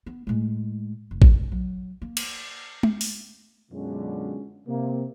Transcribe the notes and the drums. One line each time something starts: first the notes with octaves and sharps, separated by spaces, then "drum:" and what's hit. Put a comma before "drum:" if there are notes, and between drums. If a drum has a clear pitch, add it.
B3
A2 G#3
F1
drum: kick A1
F#3
A#3
drum: cymbal
drum: tom
drum: open hi-hat
F#2 B2 D3 G#3 C#4 F4
C3 A#3